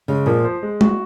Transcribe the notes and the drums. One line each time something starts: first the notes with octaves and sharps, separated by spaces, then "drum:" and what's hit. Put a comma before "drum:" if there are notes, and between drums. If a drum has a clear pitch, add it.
C#3 G#3
A#2 F3
C5
G#3
F#4, drum: tom G#3